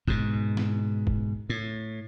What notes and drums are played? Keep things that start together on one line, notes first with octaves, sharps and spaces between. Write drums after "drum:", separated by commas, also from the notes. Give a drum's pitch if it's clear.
G#2 B2, drum: kick
drum: snare
drum: kick
A2